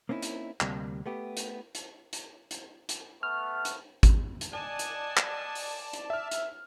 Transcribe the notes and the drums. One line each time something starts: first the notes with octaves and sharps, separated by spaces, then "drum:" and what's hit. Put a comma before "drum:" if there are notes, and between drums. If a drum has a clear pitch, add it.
A#3 C4 C#4 D#4 E4
drum: hi-hat
D2 C3 G3 A#3, drum: clap
A3 B3 G4
drum: hi-hat
drum: hi-hat
drum: hi-hat
drum: hi-hat
drum: hi-hat
A3 B3 C#6 F6
drum: hi-hat
drum: kick G#1, hi-hat
drum: hi-hat
D5 D#5 F#5 G#5 A5
drum: hi-hat
drum: clap
drum: open hi-hat
drum: hi-hat
E5 F6
drum: hi-hat